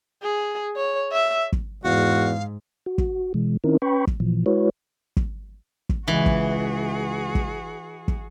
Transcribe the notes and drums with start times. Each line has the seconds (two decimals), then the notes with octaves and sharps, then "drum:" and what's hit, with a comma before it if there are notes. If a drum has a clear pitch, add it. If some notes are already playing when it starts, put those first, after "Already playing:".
0.23 G#4
0.76 C#5
1.12 E5
1.52 drum: kick
1.85 E2 G#2 F#4 F5
2.86 F#4
2.98 drum: kick
3.34 B2 E3 G#3
3.64 D#3 C4 C#4 D#4 E4 A#4
3.82 C#4 B4 G5 B5 C#6
4.07 drum: kick
4.20 A#2 E3 F3
4.46 G#3 E4 F#4 B4 C#5
5.17 drum: kick
5.89 drum: kick
6.08 C#2 E3 F#4 G#4
6.26 drum: kick
7.35 drum: kick
8.08 drum: kick